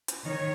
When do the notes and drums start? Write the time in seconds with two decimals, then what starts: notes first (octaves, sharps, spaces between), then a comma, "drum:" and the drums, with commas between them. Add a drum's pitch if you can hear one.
0.08 drum: hi-hat
0.24 D#3 C#5